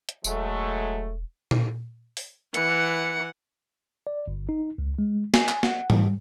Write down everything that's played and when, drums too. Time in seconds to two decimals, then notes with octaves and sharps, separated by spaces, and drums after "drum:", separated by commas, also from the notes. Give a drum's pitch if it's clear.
0.09 drum: hi-hat
0.24 E1 F#3 G#3 A3, drum: tambourine
1.51 drum: tom A#2
2.17 drum: open hi-hat
2.54 E3 F#5 C#7, drum: hi-hat
4.07 D5
4.28 G1
4.49 D#4
4.78 C#2
4.99 G#3
5.34 G#5, drum: snare
5.49 drum: clap
5.63 F#5, drum: snare
5.90 G3, drum: tom G#2